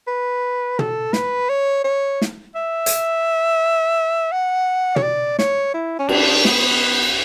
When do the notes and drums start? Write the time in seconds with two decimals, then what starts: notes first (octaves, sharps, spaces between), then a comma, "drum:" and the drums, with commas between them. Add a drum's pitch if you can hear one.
0.07 B4
0.79 A4, drum: tom
1.13 B4, drum: snare
1.49 C#5
1.84 C#5
2.22 drum: snare
2.55 E5
2.86 drum: hi-hat
4.32 F#5
4.96 C#5, drum: tom
5.03 D5
5.39 C#5, drum: snare
5.74 E4
5.99 C#4
6.09 D4, drum: cymbal
6.45 B3, drum: snare